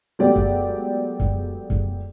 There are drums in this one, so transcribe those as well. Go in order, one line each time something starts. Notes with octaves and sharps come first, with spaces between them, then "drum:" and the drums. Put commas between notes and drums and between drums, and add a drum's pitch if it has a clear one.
F#3 G#3 A3 B3 G4 D5
drum: kick F#2
drum: kick F#2
drum: kick F#2